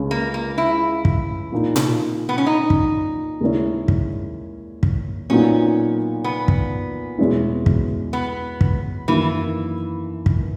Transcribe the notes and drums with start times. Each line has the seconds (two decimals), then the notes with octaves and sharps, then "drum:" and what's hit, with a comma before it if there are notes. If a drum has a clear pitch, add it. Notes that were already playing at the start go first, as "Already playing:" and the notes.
Already playing: C#2 C#3 G#3 C#4
0.11 A#3
0.34 A#3
0.58 E4
1.05 drum: kick
1.52 A#2 A#3 D#4
1.76 drum: tom A#2
2.29 B3
2.38 C#4
2.46 D#4
2.70 drum: kick
3.41 D#2 C#3 G#3 C#4 E4
3.88 drum: kick
4.83 drum: kick
5.30 A#2 F#3 B3 C#4 D#4
6.24 B3
6.48 drum: kick
7.18 E2 B2 G#3 C#4 E4
7.66 drum: kick
8.13 B3
8.61 drum: kick
9.08 F#2 D#3 E3 A#3 E4
10.26 drum: kick